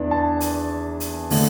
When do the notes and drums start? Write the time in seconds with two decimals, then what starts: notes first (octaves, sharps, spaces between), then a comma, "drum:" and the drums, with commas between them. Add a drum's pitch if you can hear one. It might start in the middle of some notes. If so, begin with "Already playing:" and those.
Already playing: E2 E3 D4
0.11 A5
0.40 drum: hi-hat
1.00 drum: hi-hat
1.30 D3 A3, drum: open hi-hat